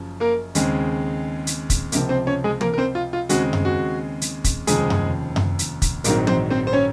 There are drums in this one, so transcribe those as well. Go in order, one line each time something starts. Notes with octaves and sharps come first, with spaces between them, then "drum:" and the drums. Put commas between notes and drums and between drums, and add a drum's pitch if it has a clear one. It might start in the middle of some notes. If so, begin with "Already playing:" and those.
Already playing: F#1 F#2 C#3 F3
A#3 A#4
D#2 C#3 G#3 C4, drum: hi-hat
drum: hi-hat
drum: kick, hi-hat
C#2 C3 F3 A#3 A#4, drum: hi-hat
C4 C5
C#4 C#5
G#3 G#4
A#3 A#4, drum: tom
A#4
C4 C5
F4
F4
D#2 C#3 G#3 C4 F#4, drum: hi-hat
drum: tom F#2
F#4
drum: hi-hat
drum: kick, hi-hat
F1 D#2 C#3 F3 G#3 G#4, drum: hi-hat
drum: tom F#2
drum: tom F#2
drum: hi-hat
drum: kick, hi-hat
A#1 G#2 D#3 F#3 A#3 C4 A#4, drum: hi-hat
C4 C5, drum: tom
C4 C5
C5
C#4 C#5